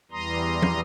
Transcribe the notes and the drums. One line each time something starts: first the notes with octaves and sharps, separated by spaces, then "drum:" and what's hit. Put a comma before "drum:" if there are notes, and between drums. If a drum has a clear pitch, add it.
E2 E3 G3 A#5 C6 D#6
drum: tom